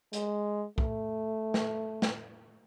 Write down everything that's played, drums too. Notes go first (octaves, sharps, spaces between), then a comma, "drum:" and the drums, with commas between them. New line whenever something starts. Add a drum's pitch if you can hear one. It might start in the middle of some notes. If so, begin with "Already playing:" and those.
G#3, drum: hi-hat
A3, drum: kick
drum: snare
drum: snare